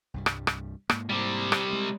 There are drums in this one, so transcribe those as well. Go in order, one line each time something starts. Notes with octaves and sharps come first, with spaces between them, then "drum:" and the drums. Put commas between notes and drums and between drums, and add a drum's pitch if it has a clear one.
C2 G2 G3
drum: rim click
drum: rim click
G#2 A#3, drum: rim click
C3 G3
drum: rim click
G#3